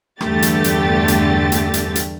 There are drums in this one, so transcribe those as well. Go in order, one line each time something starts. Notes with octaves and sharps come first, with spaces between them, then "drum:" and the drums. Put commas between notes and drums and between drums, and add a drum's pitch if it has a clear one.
E2 G2 D3 A3 G4 A6, drum: rim click
drum: hi-hat
drum: hi-hat
drum: hi-hat
drum: hi-hat
drum: hi-hat
drum: hi-hat